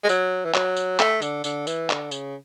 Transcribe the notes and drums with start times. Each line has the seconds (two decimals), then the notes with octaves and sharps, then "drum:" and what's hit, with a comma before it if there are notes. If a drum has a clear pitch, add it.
0.04 G#3
0.09 F#3, drum: tambourine
0.45 E3
0.54 F#3, drum: clap
0.77 drum: tambourine
0.99 A3, drum: clap
1.22 D3, drum: tambourine
1.44 D3, drum: tambourine
1.67 E3, drum: tambourine
1.90 D3, drum: clap
2.11 C#3, drum: tambourine